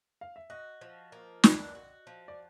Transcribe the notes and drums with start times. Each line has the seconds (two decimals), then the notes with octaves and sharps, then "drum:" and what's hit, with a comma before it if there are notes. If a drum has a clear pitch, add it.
0.21 F5
0.36 E5
0.50 F#4 D#5
0.81 F3
1.12 A#3
1.44 D4, drum: snare
1.75 F#4
2.07 F3
2.28 D5